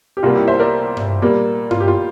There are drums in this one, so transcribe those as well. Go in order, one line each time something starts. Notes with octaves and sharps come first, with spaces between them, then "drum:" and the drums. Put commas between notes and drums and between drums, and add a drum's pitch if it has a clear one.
G4
C2 C3 G3 A#3 F4
E4 G4
C5 E5
A#4 D5
drum: tom G2
A#2 G3 A#3
F4, drum: tom G2
G4
F4